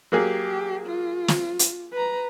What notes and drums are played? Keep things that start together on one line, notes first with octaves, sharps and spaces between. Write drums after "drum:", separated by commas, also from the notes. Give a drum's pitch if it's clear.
F#3 A#3 G4 G#4
F4
drum: snare
drum: hi-hat
B4 A#5